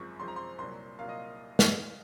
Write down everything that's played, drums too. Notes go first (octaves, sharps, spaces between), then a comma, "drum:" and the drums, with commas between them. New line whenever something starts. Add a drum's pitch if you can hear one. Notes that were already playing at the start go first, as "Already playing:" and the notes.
Already playing: G#1 F#2 F3 G#3 C4 C#6
G#1 F#2 F3 G#3 C4 C6
A#5
C6
C2 A#2 F#3 C6
C2 A#2 F#3 F5
D#5
drum: snare